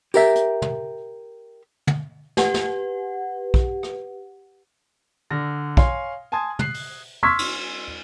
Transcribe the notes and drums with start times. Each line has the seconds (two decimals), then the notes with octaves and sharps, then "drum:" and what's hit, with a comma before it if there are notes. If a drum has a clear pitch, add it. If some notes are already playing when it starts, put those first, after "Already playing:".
0.14 G4 A#4 E5, drum: tambourine
0.35 drum: hi-hat
0.62 drum: tom
1.87 drum: tom
2.37 G4 B4 F#5, drum: snare
2.54 drum: snare
3.54 drum: kick
3.83 drum: rim click
5.31 D3 F6 A#6
5.77 C#5 F5 G#5 C6, drum: kick
6.32 G#5 A5 C6 D#6 G#6
6.59 F#6 C7, drum: tom
6.74 drum: open hi-hat
7.23 C6 C#6 E6 F6 G#6 B6
7.39 drum: cymbal